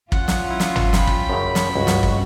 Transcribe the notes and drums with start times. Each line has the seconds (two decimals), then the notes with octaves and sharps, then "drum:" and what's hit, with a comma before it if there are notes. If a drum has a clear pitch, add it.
0.12 C#4 F4 F#5, drum: kick
0.28 drum: snare
0.50 E4
0.60 drum: snare
0.76 drum: tom
0.93 G5 B5, drum: snare
1.07 drum: kick
1.30 F#2 C#3
1.55 drum: snare
1.76 C#2 G2 F#4
1.87 drum: snare
2.03 drum: kick